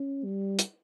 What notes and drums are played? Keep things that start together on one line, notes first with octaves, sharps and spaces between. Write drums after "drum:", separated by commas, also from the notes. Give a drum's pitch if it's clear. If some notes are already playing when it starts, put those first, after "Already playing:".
Already playing: C#4
G3
drum: hi-hat